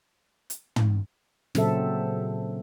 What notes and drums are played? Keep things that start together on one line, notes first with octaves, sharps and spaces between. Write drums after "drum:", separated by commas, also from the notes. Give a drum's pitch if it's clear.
drum: hi-hat
drum: tom
A#2 C#3 F#3 C4 A4 E5, drum: snare